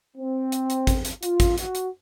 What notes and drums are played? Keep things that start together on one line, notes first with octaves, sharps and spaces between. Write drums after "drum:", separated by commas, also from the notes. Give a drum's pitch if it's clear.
C4
drum: hi-hat
drum: hi-hat
drum: kick G#1, hi-hat
drum: hi-hat
F4, drum: hi-hat
drum: kick G#1, hi-hat
F#4, drum: hi-hat
drum: hi-hat